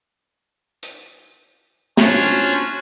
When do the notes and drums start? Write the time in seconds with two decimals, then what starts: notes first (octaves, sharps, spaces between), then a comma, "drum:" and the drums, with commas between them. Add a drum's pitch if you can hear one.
0.83 drum: hi-hat
1.97 C#4 D4 F4 F#4 C5 C#5, drum: snare